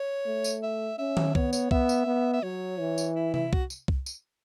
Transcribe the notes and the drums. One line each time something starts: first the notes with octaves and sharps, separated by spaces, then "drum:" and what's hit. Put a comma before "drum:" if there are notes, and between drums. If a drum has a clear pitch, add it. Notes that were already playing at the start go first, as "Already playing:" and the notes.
Already playing: C#5
A3
drum: tambourine
E5
C#4 E5
drum: tom D#3
B3 C#5, drum: kick C2
C#5, drum: tambourine
B3 E5, drum: kick C2
drum: tambourine
B3
E5
F#3 C#5
E3
drum: tambourine
E4
E4, drum: tom C3
F#4, drum: kick C2
drum: tambourine
drum: kick C2
drum: tambourine